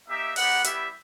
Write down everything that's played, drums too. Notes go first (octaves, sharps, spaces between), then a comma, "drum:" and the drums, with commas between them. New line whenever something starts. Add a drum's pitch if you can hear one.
A#3 D#4 G4 E5
B3 D#4 G4 F#5, drum: open hi-hat
G3 B3 E4 G4 E5, drum: hi-hat